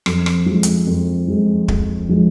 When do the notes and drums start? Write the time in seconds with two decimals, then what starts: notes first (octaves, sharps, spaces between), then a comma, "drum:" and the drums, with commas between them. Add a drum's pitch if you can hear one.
0.06 F2, drum: rim click
0.26 drum: rim click
0.46 F3 G#3
0.63 drum: hi-hat
0.87 F2
1.28 F3 G#3
1.68 F2, drum: kick
2.09 F3 G#3